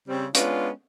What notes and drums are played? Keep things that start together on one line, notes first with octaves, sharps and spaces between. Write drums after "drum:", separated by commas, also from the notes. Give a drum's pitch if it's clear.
C#3 G3 C4
G#3 B3 C#4 D4 F4, drum: hi-hat